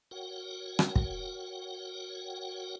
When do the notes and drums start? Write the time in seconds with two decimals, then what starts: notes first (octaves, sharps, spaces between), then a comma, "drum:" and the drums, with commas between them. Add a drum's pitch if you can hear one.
0.11 F#4 A#4 C#5 F#5 G5
0.79 drum: rim click
0.96 drum: kick